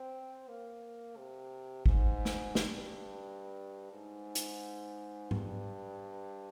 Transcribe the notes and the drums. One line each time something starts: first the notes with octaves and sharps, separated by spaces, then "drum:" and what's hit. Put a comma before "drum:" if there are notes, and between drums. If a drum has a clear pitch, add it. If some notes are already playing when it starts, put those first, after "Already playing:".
Already playing: C4
A#3
C3
G#2, drum: kick
drum: snare
G2, drum: snare
G#2
drum: hi-hat
G2, drum: tom G#2